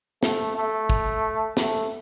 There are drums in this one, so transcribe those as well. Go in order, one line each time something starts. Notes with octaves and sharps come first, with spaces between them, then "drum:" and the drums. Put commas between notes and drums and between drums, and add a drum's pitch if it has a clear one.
A3, drum: snare
A3
drum: kick
A3, drum: snare